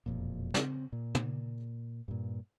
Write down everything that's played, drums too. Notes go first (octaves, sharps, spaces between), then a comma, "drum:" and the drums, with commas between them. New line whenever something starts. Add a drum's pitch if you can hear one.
E1 F2 A#2
C#3 C4, drum: snare
A#2
drum: tom
G2 A#2